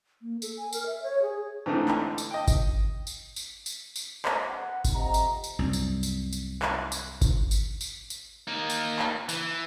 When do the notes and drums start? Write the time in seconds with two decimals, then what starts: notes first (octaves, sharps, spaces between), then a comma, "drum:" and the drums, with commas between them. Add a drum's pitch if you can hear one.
0.22 A#3
0.42 A4, drum: tambourine
0.57 G#5
0.73 A#4, drum: tambourine
0.86 E5
1.03 C#5
1.22 G#4
1.66 G#2 D3 E3 A3 C4 D#4
1.88 drum: clap
2.18 drum: tambourine
2.31 D#5 G5
2.48 drum: kick G1, tambourine
3.07 drum: tambourine
3.36 drum: tambourine
3.66 drum: tambourine
3.96 drum: tambourine
4.25 drum: clap
4.49 F#5
4.84 drum: kick G1, tambourine
4.94 F2 C3 D#5 A#5
5.14 drum: tambourine
5.44 drum: tambourine
5.59 C2 F#2
5.73 drum: tambourine
6.03 drum: tambourine
6.33 drum: tambourine
6.62 drum: clap
6.92 drum: tambourine
7.21 drum: kick G1, tambourine
7.51 drum: tambourine
7.81 drum: tambourine
8.10 drum: tambourine
8.47 A#3 D#4
8.70 drum: tambourine
8.99 drum: clap
9.29 E3, drum: tambourine